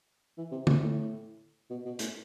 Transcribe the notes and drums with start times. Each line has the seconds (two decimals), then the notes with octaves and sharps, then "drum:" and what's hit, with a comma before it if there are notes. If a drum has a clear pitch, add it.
0.38 E3
0.51 C3
0.67 C3, drum: tom
0.82 A2
1.70 B2
1.85 B2
1.99 A2, drum: hi-hat